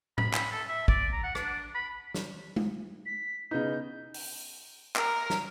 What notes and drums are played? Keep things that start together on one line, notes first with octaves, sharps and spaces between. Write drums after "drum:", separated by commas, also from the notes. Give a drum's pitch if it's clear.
B5, drum: tom A2
drum: clap
A4
E5
D5, drum: kick
A#5
F#5
D4, drum: rim click
B5
drum: snare
drum: tom G#3
B6
C#3 B3 D#4 G6
drum: open hi-hat
A#4, drum: clap
drum: snare